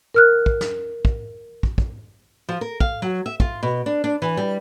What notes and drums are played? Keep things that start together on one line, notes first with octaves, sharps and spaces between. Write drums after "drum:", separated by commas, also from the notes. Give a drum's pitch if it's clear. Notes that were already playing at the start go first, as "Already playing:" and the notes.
A#4 F6 F#6
drum: kick
drum: snare
drum: kick
drum: kick
drum: kick
F3
A#4
F5, drum: kick
F#3
E5
F4, drum: kick
B2
D4
D4
E3
G3